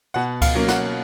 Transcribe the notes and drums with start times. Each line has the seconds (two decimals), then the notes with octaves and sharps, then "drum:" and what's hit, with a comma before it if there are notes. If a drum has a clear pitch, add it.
0.14 B2 F#5
0.42 F5, drum: kick C#2, cymbal
0.55 F#3 A#3 C#4
0.68 F#5, drum: snare